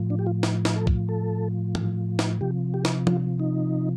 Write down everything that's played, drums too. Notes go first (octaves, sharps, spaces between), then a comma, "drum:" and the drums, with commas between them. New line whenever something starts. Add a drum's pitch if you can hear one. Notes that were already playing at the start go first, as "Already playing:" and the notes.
Already playing: A2 F3
D4
G4
F4
drum: snare
drum: snare
A4
drum: kick
A4
drum: tom
drum: snare
C3 F3 G4
G4
drum: snare
F4, drum: tom
D#4